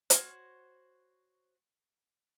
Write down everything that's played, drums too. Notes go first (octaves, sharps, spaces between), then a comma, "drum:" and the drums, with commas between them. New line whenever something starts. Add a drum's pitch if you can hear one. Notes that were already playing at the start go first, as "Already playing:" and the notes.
F#4 C5 C#5, drum: hi-hat